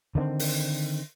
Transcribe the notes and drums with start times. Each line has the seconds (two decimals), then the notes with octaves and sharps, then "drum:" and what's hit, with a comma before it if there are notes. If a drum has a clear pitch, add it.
0.15 D3 D#3 A3 C4
0.39 drum: open hi-hat